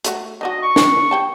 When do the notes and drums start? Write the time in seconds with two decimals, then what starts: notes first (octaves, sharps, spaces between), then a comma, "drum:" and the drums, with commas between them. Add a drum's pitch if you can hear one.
0.04 A3 E4 F#4, drum: hi-hat
0.41 D#3 D4 F#4 D#5
0.63 C#6
0.76 drum: snare
1.11 G4 G5 A5